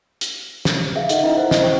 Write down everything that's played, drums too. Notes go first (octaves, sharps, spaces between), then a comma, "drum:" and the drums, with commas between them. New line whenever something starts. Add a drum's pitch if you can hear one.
drum: hi-hat
drum: snare
G#4 B4 E5 F5
D#4 F4 A4 D#5 F#5, drum: hi-hat
C#4 E4 F4 B4 D#5 A#5
A4 B4 C5 F#5
C5 D#5, drum: snare
C5 G5 C#6